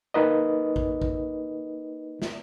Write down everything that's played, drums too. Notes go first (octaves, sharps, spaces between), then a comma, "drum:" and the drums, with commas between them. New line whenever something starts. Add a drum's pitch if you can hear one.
A#3 D#4 B4 D#5
drum: kick A#1
drum: kick A#1
drum: snare